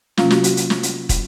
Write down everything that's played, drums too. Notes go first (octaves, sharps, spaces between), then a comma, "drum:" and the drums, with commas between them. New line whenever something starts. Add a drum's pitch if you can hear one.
C3 F#3 A#3 C#4 F4 F5, drum: snare
F#4, drum: snare
F#4, drum: hi-hat
drum: hi-hat
drum: snare
drum: hi-hat
drum: kick, hi-hat